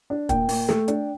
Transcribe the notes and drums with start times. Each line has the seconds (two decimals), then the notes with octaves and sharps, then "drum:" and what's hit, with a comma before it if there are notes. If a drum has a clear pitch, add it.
0.10 D4
0.29 A#2 G5, drum: kick, hi-hat
0.49 A#2, drum: open hi-hat
0.69 A3, drum: snare
0.88 D4, drum: hi-hat